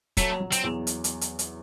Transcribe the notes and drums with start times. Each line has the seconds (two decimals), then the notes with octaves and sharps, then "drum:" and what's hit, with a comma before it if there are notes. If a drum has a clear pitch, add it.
0.17 F#3 A3, drum: kick, hi-hat
0.40 F#3
0.52 C4, drum: hi-hat
0.64 E2
0.87 drum: hi-hat
1.04 drum: hi-hat
1.21 drum: hi-hat
1.39 drum: hi-hat